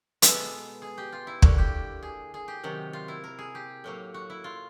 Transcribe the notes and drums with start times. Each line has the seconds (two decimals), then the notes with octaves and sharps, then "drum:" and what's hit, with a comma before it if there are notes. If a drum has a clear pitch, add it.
0.22 B2 G#3 B3 A4, drum: hi-hat
0.82 G#4
0.98 G4
1.12 F4
1.27 E4
1.42 D3 G3 A#3 F#4, drum: kick
1.58 G4
2.03 G#4
2.34 G#4
2.48 G4
2.63 C3 D#3 F#3
2.93 F4
3.08 E4
3.24 A#4
3.39 G#4
3.55 G4
3.84 A2 F#3 A#3
4.14 F#4
4.30 E4
4.44 F4